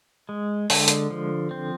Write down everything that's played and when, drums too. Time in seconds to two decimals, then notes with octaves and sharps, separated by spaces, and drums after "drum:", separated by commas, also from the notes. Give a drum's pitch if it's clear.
0.29 G#3
0.70 D3, drum: open hi-hat
0.88 drum: hi-hat
1.10 F3
1.51 C4